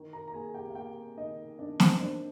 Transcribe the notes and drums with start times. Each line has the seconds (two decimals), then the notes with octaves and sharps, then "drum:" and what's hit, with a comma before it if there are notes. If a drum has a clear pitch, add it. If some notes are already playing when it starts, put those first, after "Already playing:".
Already playing: D#3
0.13 A#4 A#5
0.28 A#5
0.34 A#3 G#4 G#5
0.54 G4 G5
0.70 F5
0.75 A#3 G4 G5
1.17 D#3 D#4 D#5
1.59 D#3 D4 D5
1.80 C4 C5, drum: snare
1.96 C5
2.00 A#3 D4 D5